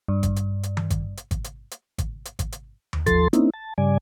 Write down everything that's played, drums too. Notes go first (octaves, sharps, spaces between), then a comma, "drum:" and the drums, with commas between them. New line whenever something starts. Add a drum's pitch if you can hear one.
G2
drum: kick G#1, hi-hat
drum: hi-hat
drum: hi-hat
drum: tom D#3
drum: kick G#1, hi-hat
drum: hi-hat
drum: kick G#1, hi-hat
drum: hi-hat
drum: hi-hat
drum: kick G#1, hi-hat
drum: hi-hat
drum: kick G#1, hi-hat
drum: hi-hat
drum: tom D#2
D#2 F3 A4 C6 A6, drum: kick G#1, hi-hat
A#3 C4 C#4 D#4 E4, drum: hi-hat
A5
G2 C#3 G3 D5 G#5